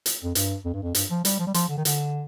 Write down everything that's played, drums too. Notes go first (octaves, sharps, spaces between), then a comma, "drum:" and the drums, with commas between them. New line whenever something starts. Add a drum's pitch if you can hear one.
drum: hi-hat
F2
G2, drum: hi-hat
F2
G2
F2
G2, drum: hi-hat
F3
G3, drum: hi-hat
F3
G3
F3, drum: hi-hat
D3
D#3
D3, drum: hi-hat